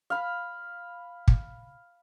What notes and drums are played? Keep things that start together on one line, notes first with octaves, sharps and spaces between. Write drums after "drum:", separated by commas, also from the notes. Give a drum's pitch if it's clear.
F5 B5
drum: kick